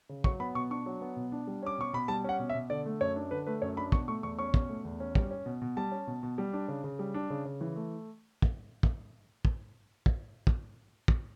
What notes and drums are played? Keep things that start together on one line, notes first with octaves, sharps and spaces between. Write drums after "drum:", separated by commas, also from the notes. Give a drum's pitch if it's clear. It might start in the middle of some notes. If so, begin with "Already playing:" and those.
C#3
F#3 C#6, drum: kick
B3 B5
B2 C#6
D4 C#6
F#3
B3
B2
D4
G3
C#4 D6
B2 C#6
B2 B5
G3 A5
C#4 F#5
B2
E5
B2
D3 D5
A3
F#2 C#5
D4
D3 B4
A3 B4
F#2 C#5
D4 B5
B2 C#6, drum: kick
A3 C#6
E2 C#6
C#4 C#6
B2, drum: kick
A3
E2
C#4
G3, drum: kick
C#4
B2
B2
G3 A5
C#4
B2
B2
G3
D4
C#3
C#3
G3
D4
C#3
C#3
E3
A3
drum: kick
drum: kick
drum: kick
drum: kick
drum: kick
drum: kick